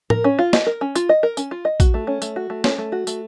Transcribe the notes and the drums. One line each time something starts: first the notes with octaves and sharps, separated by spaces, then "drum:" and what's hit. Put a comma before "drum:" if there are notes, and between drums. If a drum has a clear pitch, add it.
A#4, drum: tom A2
C#4
F4
D#5, drum: snare
A#4
C#4
F4, drum: tambourine
D#5
A#4
C#4, drum: tambourine
F4
D#5
F#4, drum: kick, tambourine
A3
C#4
A3, drum: tambourine
F#4
A3
C#4, drum: snare
A3
F#4
A3, drum: tambourine